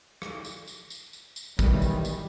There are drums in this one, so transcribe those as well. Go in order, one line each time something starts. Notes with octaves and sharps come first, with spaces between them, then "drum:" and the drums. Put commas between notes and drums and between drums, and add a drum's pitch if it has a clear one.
drum: rim click
drum: tambourine
drum: tambourine
drum: tambourine
drum: tambourine
drum: tambourine
B1 D#3 E3 G3, drum: kick, tambourine
drum: tambourine
drum: tambourine